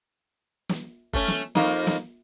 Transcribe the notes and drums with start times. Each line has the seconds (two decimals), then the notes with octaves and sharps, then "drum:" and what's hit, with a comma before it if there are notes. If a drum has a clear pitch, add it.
0.69 drum: snare
1.13 A3 C#4, drum: kick
1.28 drum: snare
1.55 F2 A#3 D#4, drum: snare
1.87 drum: snare